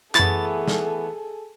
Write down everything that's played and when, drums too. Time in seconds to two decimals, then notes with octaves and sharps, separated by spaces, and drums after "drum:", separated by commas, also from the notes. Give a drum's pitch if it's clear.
0.15 F#2 E3 A3 B3 E4 G#4 A4 A6, drum: clap
0.68 drum: snare